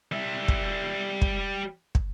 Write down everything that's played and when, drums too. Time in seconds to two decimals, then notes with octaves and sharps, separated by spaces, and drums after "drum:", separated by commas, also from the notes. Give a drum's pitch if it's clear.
0.12 G3 E5
0.48 drum: kick
1.22 drum: kick
1.95 drum: kick